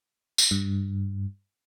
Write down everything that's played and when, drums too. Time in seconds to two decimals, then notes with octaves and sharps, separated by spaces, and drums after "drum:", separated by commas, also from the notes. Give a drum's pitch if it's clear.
0.38 drum: tambourine
0.51 G2